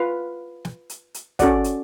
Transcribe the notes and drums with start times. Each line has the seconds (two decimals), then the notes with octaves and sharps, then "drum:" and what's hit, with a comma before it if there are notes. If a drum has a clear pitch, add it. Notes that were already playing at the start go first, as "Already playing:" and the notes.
Already playing: F4 B4 F5
0.65 drum: snare
0.90 drum: hi-hat
1.14 drum: hi-hat
1.39 C#4 F#4 A4 D5 F#5, drum: kick, hi-hat
1.64 drum: hi-hat